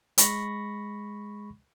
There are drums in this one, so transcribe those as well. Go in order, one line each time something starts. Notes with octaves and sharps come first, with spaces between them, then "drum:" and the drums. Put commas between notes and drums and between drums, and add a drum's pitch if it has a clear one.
G#3 B5 C#6 A#6, drum: hi-hat